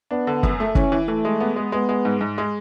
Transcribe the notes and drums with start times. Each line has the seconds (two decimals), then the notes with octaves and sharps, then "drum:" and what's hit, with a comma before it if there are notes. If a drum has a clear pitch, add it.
0.11 B3 D4
0.27 D3
0.43 F#2, drum: kick
0.60 A3
0.75 E3 C#4, drum: kick
0.92 E3
1.08 E3 A3
1.25 G#3
1.40 B3
1.56 G#3
1.72 G#3 B3
1.89 G#3
2.05 G#2
2.21 G#2
2.38 G#3